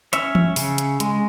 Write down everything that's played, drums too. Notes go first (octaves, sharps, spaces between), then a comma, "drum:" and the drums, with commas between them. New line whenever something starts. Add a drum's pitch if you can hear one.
C#4 C#5 E5, drum: hi-hat
drum: tom E3
C#3, drum: open hi-hat
drum: hi-hat
G#3, drum: hi-hat